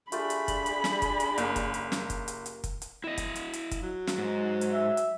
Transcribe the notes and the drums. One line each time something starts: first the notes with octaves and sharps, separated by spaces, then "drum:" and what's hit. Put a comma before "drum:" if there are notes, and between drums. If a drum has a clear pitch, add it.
A3 D4 F4 G4 G#4 B5, drum: hi-hat
drum: hi-hat
drum: kick, hi-hat
drum: hi-hat
drum: snare
drum: kick, hi-hat
drum: hi-hat
F#1 A#4 D6, drum: hi-hat
drum: kick, hi-hat
drum: hi-hat
drum: snare
drum: kick, hi-hat
drum: hi-hat
drum: hi-hat
drum: kick, hi-hat
drum: hi-hat
E4 D#5
drum: kick, hi-hat
drum: hi-hat
drum: hi-hat
drum: kick, hi-hat
F#3
drum: snare
G#2
drum: hi-hat
E5
drum: hi-hat